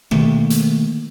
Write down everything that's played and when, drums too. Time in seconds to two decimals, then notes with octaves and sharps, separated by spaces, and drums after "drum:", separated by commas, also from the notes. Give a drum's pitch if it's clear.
0.11 B2 D#3 A3 A#3, drum: rim click
0.50 drum: hi-hat